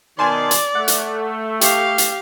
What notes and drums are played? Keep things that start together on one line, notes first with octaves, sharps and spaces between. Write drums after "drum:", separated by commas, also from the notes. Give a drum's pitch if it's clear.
B2 D#3 D5 G#5 A5 C6
drum: hi-hat
A3 F#5
drum: hi-hat
G4 F5 C#6, drum: hi-hat
drum: hi-hat